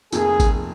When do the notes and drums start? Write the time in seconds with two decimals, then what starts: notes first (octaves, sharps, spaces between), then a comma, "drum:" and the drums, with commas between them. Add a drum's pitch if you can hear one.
0.12 F1 F2 C3 F3 A#3 G#4, drum: tambourine
0.40 drum: kick G#1, tambourine